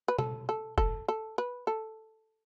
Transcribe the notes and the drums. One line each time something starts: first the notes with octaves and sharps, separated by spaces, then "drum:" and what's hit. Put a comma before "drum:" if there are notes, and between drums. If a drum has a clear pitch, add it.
B4
A4, drum: tom B2
A4
A4, drum: kick
A4
B4
A4